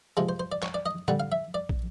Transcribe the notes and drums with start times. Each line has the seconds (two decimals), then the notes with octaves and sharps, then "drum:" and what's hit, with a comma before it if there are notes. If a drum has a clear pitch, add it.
0.17 C3 F3 G#3
0.29 C5
0.40 C5
0.52 D5
0.63 C#5, drum: clap
0.74 D5
0.86 D#5
1.08 D3 G3 F#5, drum: tom
1.20 F5
1.32 E5
1.54 D5
1.69 drum: kick